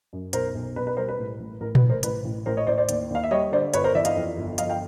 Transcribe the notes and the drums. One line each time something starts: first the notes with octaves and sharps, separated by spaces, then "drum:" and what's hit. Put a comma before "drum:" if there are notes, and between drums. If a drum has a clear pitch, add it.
F#2
B1 A#4 C5, drum: hi-hat
B1
B1 B4
B4
G3 A#4 C5
B4
A2
A1
A1 A#4
B4, drum: tom A#2
A1
A#4 C5
A1 B4, drum: hi-hat
A1
A1 A#4 C5
C#5 D#5
A1 C5 D5
C5 D5
D#2, drum: hi-hat
D#2 F5
E5
G3 C#5 D#5
D3 C5 D5
G1 B4 C#5, drum: hi-hat
A#4 C5
E3 D5 E5
D#5 F5, drum: hi-hat
F2
G1
F3 D#5 F5, drum: hi-hat
F5 G5